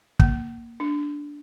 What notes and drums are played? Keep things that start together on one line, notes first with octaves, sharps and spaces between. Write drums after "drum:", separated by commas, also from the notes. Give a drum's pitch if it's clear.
A#3, drum: kick
D4